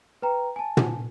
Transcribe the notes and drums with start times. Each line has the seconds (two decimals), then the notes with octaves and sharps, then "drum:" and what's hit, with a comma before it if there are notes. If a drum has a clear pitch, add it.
0.22 B4 G5 A#5
0.56 G#5 A5
0.77 drum: tom